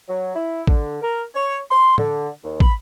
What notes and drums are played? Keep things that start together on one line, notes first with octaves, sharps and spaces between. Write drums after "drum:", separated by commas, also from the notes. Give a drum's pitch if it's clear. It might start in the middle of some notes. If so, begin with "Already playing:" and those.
F#3
E4
D3, drum: kick
A#4
C#5
C6
D3, drum: tom
D#2
B5, drum: kick